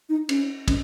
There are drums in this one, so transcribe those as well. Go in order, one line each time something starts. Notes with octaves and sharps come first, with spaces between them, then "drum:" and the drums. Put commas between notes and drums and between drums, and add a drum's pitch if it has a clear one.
D#4
C#4, drum: cymbal
C#4, drum: kick, cymbal